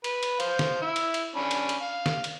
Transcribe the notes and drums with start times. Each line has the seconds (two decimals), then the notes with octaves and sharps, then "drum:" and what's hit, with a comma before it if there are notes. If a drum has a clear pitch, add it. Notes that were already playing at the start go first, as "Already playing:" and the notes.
0.04 B4, drum: cymbal
0.23 drum: cymbal
0.40 C5 F5, drum: cymbal
0.59 drum: snare
0.82 E4 E6
0.96 drum: cymbal
1.14 drum: cymbal
1.36 C#4 D4 B5
1.51 drum: cymbal
1.69 drum: cymbal
1.82 F5
2.06 drum: snare
2.24 drum: cymbal